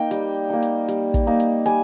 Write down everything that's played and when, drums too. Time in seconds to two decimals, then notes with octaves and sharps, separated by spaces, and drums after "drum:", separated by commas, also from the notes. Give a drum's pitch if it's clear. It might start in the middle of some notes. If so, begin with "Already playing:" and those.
Already playing: A#3 D#4 G5
0.11 G3, drum: hi-hat
0.50 A#3 D#4
0.62 drum: hi-hat
0.88 G3, drum: hi-hat
1.14 drum: kick, hi-hat
1.27 A#3 D#4
1.40 drum: hi-hat
1.66 G3 G#5, drum: hi-hat